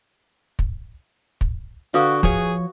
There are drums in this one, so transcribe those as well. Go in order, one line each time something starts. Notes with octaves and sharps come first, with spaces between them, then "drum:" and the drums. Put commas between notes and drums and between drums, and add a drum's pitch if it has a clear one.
drum: kick
drum: kick
D3 F#4 B4 F5 D#6
F3 G#4 C#5, drum: kick